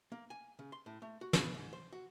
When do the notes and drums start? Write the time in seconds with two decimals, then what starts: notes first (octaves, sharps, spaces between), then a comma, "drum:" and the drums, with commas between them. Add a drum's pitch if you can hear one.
0.12 A#3
0.30 G#5
0.59 C#3
0.72 C6
0.86 A2
1.02 A3
1.21 F#4
1.33 B3, drum: snare
1.55 G#2
1.73 C5
1.93 F#4